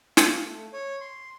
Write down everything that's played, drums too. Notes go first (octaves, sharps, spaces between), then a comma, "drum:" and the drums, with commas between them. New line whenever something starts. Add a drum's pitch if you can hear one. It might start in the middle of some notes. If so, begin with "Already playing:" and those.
F5, drum: snare
A3
C#5
C6